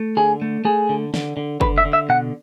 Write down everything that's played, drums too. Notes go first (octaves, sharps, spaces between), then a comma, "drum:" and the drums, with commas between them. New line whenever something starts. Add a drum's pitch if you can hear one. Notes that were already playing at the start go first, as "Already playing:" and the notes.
Already playing: A3
D3 G#4
A3
A3 G#4
D3
D3, drum: snare
D3
D3 B4, drum: kick F#1
E5
D3
E5
B2 F#5